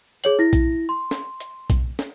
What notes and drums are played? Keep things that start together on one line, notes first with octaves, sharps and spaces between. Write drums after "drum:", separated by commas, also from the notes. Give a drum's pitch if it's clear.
G#4 C#5 F#7, drum: hi-hat
E4 A#6
drum: kick B1, hi-hat
C6
drum: snare
drum: hi-hat
drum: kick B1, hi-hat
drum: snare